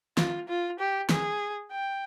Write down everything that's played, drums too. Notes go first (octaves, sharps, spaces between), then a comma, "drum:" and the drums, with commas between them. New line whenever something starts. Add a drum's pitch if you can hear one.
F4, drum: snare
F4
G4
G#4, drum: snare
G5